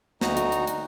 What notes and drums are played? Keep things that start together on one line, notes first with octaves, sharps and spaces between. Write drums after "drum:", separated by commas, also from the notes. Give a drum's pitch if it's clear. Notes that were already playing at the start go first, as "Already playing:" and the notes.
D2 D#4 F#4 A#5, drum: snare
drum: hi-hat
drum: hi-hat
drum: hi-hat